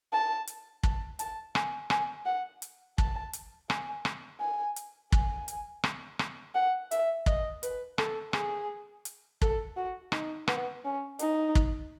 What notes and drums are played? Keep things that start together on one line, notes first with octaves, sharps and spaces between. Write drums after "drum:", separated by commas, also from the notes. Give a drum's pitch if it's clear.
A5
drum: hi-hat
A5, drum: kick
A5, drum: hi-hat
G#5, drum: rim click
G#5, drum: rim click
F#5
drum: hi-hat
A5, drum: kick
drum: hi-hat
G#5, drum: rim click
drum: rim click
G#5
drum: hi-hat
G#5, drum: kick
drum: hi-hat
drum: rim click
drum: rim click
F#5
E5, drum: hi-hat
D#5, drum: kick
B4, drum: hi-hat
A4, drum: rim click
G#4, drum: rim click
drum: hi-hat
A4, drum: kick
F#4
D#4, drum: rim click
B3, drum: rim click
C#4
D#4, drum: hi-hat
drum: kick